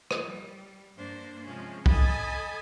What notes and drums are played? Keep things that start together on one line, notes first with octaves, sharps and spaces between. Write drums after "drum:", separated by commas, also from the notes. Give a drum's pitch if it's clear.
drum: rim click
G3
G2 A#3 D4 C5
C3 F3 G#3 C#4 G#4
A4 D#5 G#5 A5 B5 D#6, drum: kick